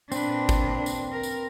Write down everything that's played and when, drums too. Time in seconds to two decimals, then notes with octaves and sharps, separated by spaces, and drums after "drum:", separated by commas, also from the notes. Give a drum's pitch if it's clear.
0.12 A#2 C4 D4 B4, drum: tambourine
0.49 drum: kick, tambourine
0.86 drum: tambourine
1.12 A#4
1.23 drum: tambourine